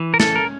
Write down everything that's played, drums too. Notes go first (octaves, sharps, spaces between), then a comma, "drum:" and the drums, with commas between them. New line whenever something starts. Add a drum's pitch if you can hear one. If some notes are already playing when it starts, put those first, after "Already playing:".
Already playing: E3
A#4
C#4 A4, drum: snare
A#4